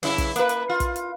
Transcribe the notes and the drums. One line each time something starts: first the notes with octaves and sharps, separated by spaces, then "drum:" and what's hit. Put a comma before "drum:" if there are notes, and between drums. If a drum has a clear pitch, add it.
F#2 C#3 E4, drum: open hi-hat
drum: kick, hi-hat
A#3 B4, drum: hi-hat
drum: hi-hat
F4
drum: kick, hi-hat
drum: hi-hat